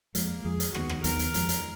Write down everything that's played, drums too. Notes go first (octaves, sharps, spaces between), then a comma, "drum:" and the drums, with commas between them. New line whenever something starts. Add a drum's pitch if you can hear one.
F2 F3 G#3 A#3, drum: hi-hat
F2 F3 G#3 G#4
drum: hi-hat
D#2 D#3 F#3 B3 F#4, drum: rim click
drum: rim click
D#2 D#3 F#3 B3 A#4, drum: hi-hat
drum: hi-hat
F2 F3 G#3, drum: hi-hat
drum: hi-hat